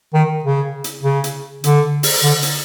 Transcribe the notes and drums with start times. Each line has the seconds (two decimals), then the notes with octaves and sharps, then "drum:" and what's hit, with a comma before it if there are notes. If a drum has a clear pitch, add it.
0.14 D#3
0.44 C#3
0.84 drum: hi-hat
1.03 C#3
1.24 drum: hi-hat
1.64 D3, drum: hi-hat
2.03 drum: open hi-hat
2.23 D3
2.43 drum: hi-hat